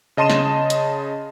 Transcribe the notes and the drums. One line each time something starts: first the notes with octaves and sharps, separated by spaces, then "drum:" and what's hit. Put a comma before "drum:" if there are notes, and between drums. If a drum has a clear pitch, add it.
C#3 D#5 A5 C6 D#7 E7
drum: snare
drum: hi-hat